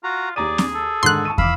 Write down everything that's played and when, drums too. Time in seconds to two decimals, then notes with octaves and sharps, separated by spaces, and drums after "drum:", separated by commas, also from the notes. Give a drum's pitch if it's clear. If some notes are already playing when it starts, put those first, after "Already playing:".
0.04 F4 F#4 A#5
0.36 D#2 G#4 D5 A#5 D#7
0.58 drum: snare C4
0.74 A4
1.03 G#2 D3 D#3 C6 F#6
1.25 A5 C#6 D#7
1.38 E3 F5 B5 D6 E6, drum: kick